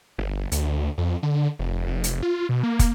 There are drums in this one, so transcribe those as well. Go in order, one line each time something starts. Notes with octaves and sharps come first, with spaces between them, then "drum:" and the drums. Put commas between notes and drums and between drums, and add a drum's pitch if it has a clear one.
G1
D2, drum: hi-hat
F2
D3
F1
F1
drum: hi-hat
F4
B2
A#3
drum: kick, hi-hat